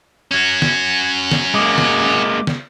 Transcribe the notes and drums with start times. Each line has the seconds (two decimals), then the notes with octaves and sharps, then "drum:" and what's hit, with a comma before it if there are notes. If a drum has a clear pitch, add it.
0.32 C#4 F#4 G#6
0.62 drum: snare
1.31 drum: snare
1.55 G#3 A#3 D6
1.78 drum: snare
2.47 drum: snare